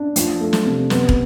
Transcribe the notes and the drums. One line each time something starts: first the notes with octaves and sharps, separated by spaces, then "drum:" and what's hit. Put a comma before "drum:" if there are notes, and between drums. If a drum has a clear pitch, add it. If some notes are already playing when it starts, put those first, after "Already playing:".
Already playing: D4
F3, drum: hi-hat
A3
drum: snare
C3
B3, drum: snare
drum: kick